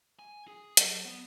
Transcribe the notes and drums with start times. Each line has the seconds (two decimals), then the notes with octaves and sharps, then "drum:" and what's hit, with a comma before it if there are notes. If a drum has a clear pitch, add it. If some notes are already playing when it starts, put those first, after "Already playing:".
0.19 G#5
0.48 G#4
0.77 F#3, drum: hi-hat
1.05 B3